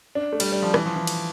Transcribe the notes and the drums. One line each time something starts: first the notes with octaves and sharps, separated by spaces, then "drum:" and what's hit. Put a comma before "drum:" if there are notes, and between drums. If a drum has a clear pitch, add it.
D4
A3
G3, drum: cymbal
G3
F3
E3, drum: rim click
F3
E3
drum: cymbal